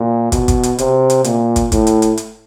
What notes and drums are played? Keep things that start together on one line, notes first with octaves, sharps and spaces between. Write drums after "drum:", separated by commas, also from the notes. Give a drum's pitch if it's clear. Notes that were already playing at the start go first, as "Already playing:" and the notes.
Already playing: A#2
B2, drum: kick, hi-hat
drum: kick, hi-hat
drum: hi-hat
C3, drum: hi-hat
drum: hi-hat
A#2, drum: hi-hat
drum: kick, hi-hat
A2, drum: kick, hi-hat
drum: hi-hat
drum: hi-hat
drum: hi-hat